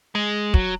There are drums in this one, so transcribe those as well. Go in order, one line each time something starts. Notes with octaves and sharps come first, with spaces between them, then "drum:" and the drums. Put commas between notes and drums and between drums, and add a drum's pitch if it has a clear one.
G#3
F#3, drum: kick